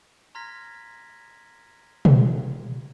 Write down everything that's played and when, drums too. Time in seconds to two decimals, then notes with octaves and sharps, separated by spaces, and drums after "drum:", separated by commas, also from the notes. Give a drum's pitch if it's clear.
0.35 A#5 C6 F6 G#6 A#6 B6
2.05 drum: tom